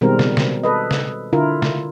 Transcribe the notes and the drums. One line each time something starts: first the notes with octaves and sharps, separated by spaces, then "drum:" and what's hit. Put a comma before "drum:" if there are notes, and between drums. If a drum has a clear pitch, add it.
B2 D#3 G3 G#3 C4 A#4
drum: snare
drum: snare
A4 B4 D#5
drum: snare
D3 E4 F4 A#4
drum: snare